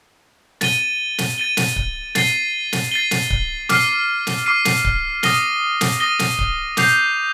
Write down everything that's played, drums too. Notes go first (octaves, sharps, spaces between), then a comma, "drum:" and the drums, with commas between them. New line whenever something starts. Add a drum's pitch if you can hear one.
A6 D#7 G7, drum: snare
drum: snare
A6 D#7 G7
drum: snare
drum: kick C#1
A6 C7 D#7 G7, drum: snare
drum: snare
A6 C7 D#7 G7
drum: snare
drum: kick C#1
D6 F6 C7 D#7, drum: snare
drum: snare
D6 F6 C7 D#7
drum: snare
drum: kick C#1
D#6 A#6 D#7 G7, drum: snare
drum: snare
D#6 A#6 D#7 G7
drum: snare
drum: kick C#1
D6 G6 C7 F7, drum: snare